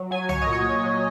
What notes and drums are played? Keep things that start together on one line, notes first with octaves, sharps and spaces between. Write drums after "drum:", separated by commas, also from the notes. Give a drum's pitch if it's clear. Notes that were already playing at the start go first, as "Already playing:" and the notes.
Already playing: F#3
F#3 G#5
F#3 C#5, drum: tom C2
D#5
A#2
C#5
F#3
F#3